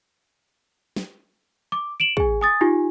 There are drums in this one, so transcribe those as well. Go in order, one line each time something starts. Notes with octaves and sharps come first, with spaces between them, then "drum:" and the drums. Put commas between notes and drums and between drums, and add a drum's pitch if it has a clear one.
drum: snare
D6
D7 E7 F#7
G#4 G#5, drum: kick
G#5 D#6 A6
D#4 F4 G4 G#5